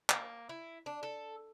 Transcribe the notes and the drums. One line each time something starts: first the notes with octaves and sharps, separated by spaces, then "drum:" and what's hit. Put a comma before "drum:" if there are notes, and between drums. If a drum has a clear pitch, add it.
A#3, drum: clap
E4
D4
A4